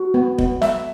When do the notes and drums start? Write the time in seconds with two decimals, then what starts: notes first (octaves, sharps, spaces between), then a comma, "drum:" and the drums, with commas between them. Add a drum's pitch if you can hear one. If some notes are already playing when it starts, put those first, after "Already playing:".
Already playing: F#4
0.14 B3
0.38 B3, drum: kick F1
0.62 E5, drum: snare